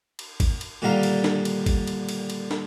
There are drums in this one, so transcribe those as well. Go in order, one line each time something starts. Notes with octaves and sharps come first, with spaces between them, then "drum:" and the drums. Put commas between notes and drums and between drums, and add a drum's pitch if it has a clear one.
drum: cymbal
drum: kick G#1, cymbal
drum: cymbal
A#2 D3 D#3 G3 F5 A#5
drum: cymbal
drum: snare
drum: cymbal
drum: kick G#1, cymbal
drum: cymbal
drum: cymbal
drum: cymbal
drum: snare